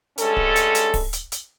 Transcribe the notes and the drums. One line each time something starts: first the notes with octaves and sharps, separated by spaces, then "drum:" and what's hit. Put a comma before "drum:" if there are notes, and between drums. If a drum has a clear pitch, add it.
G2 G#3 C#4 A4, drum: hi-hat
drum: kick D1
drum: hi-hat
drum: hi-hat
drum: kick D1, open hi-hat
drum: hi-hat
drum: hi-hat